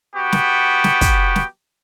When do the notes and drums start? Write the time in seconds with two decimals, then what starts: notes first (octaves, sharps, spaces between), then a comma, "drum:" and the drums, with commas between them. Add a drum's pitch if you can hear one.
0.15 B3 F#4 G4
0.32 drum: snare
0.84 drum: snare
1.01 drum: kick, hi-hat
1.36 drum: snare